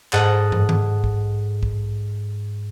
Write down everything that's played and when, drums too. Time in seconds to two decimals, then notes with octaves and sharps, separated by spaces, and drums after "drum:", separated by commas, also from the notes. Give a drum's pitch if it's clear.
0.13 G#2 A4 D#5 F#5, drum: clap
0.52 drum: tom
0.69 drum: tom D#3
1.04 drum: kick A#1
1.63 drum: kick A#1